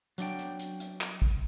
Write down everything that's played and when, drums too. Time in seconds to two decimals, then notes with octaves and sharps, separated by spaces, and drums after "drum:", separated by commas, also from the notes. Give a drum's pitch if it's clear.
0.18 F#3 D4 G5, drum: hi-hat
0.39 drum: hi-hat
0.60 drum: hi-hat
0.80 drum: hi-hat
1.01 drum: clap
1.22 drum: kick